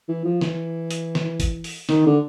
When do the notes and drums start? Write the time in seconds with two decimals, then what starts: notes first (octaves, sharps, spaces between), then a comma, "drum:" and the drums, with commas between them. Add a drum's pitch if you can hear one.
0.09 E3
0.25 F3
0.41 E3, drum: snare
0.91 drum: hi-hat
1.15 drum: snare
1.40 drum: kick G#1, hi-hat
1.64 drum: open hi-hat
1.89 D#3, drum: snare
2.06 D3